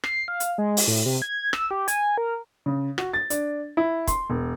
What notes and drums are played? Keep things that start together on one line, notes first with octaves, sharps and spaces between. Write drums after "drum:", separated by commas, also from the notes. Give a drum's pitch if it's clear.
C7, drum: rim click
F5
drum: hi-hat
G#3
drum: open hi-hat
A2
C3
G#6
E6, drum: rim click
G4
G#5, drum: hi-hat
A#4
C#3
F#4, drum: rim click
A6
D4, drum: hi-hat
E4
C6, drum: kick, hi-hat
E1